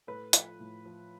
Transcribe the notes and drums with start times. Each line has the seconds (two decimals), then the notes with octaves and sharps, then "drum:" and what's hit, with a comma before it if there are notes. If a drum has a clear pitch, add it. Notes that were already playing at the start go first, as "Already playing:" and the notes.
0.07 A2 A4 B4
0.33 F3, drum: hi-hat
0.60 A2
0.86 F3